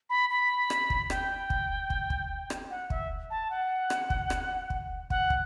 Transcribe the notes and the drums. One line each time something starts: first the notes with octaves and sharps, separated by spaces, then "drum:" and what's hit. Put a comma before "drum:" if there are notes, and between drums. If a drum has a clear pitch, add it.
B5
B5
drum: rim click
drum: kick
G5, drum: rim click
drum: kick
drum: kick
drum: kick
drum: rim click
F#5
E5, drum: kick
A5
F#5
drum: rim click
drum: kick
drum: rim click
drum: kick
F#5, drum: kick
drum: kick